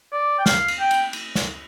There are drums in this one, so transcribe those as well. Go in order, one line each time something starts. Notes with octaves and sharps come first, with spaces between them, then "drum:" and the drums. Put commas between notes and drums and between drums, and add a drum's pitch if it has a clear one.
D5
G5
F5, drum: snare
drum: cymbal
G5
drum: cymbal
drum: cymbal
drum: snare